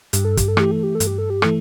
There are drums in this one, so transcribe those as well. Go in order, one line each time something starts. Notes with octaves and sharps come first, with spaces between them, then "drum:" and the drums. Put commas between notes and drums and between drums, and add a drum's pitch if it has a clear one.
G2 G4, drum: hi-hat
A4
G4, drum: kick, hi-hat
A4
E3 A3 G4, drum: rim click
A4
G4
A4
G2, drum: hi-hat
G4
A4
G4
E3 A3 A4, drum: rim click